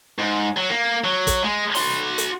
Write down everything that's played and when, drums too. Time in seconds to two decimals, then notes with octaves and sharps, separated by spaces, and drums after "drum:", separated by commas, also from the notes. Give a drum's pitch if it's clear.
0.19 G#2
0.57 F#3
0.70 A#3
1.04 F#3
1.27 drum: kick, hi-hat
1.44 G#3
1.75 F#4 C6, drum: open hi-hat
2.18 drum: hi-hat